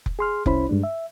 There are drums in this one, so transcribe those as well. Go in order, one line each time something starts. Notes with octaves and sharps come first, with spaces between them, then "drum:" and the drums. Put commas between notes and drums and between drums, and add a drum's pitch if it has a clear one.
drum: kick F1
G#4 C6 F6
C2 C#4 E4 C5 B5, drum: kick F1
G2 G#3 D4
E5